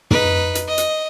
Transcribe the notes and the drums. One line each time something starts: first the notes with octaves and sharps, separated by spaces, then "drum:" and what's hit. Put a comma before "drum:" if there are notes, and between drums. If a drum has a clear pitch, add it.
D#4 B4, drum: tom
drum: hi-hat
D#5
drum: hi-hat